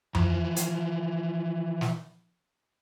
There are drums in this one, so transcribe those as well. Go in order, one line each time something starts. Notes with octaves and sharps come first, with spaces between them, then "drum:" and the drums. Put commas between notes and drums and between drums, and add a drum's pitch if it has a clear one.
E3 F3, drum: tom F2
drum: hi-hat
drum: snare